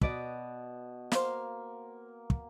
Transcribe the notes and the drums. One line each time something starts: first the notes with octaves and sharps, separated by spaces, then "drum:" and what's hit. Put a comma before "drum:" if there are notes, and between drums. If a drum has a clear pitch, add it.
B2 B4 D5 D#5, drum: kick
A#3 C5 F5, drum: snare
drum: kick